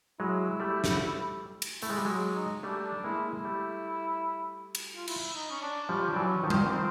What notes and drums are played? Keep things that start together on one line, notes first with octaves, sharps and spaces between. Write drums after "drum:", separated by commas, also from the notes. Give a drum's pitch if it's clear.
F#3 G#3 E4
G3 A3
drum: snare
drum: cymbal
A3 E4, drum: open hi-hat
G#3
G3
F#3 G#3
D#4
G3 A3 D4
D4
G#3 A#3 E4
E4
G3 A3
drum: cymbal
F4
E4, drum: cymbal
D#4
C#4
D4
F3 G3 C#4
D4
E3 F#3
C#4
D#3 F3
C4, drum: tom G3
E3
D#3 F3 C4